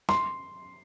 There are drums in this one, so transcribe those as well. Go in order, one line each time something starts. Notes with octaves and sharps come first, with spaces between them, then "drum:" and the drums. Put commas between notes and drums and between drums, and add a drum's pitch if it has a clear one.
C6, drum: snare